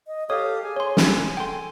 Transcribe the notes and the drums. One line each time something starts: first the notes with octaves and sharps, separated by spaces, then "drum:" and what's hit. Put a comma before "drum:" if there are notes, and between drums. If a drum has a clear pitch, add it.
D#5
G4 A4 C#5 F5 D#6
G#4 G#5
C#5 C6
drum: snare
A4 G5 C6